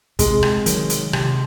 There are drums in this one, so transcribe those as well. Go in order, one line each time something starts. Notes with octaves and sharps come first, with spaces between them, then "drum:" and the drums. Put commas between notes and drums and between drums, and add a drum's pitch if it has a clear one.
C3 G#3, drum: kick, hi-hat
drum: rim click
D#3 F#3, drum: hi-hat
drum: hi-hat
C3, drum: rim click